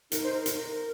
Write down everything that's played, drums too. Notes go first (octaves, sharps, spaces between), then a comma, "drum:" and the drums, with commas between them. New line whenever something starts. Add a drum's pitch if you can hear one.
D#4 A#4, drum: hi-hat
C5
A#4
drum: hi-hat